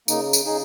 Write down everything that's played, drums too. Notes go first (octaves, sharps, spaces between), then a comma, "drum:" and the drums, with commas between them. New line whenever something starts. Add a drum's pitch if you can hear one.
C#3 A#3 D#4, drum: tambourine
drum: tambourine
C#3 D#4 G#4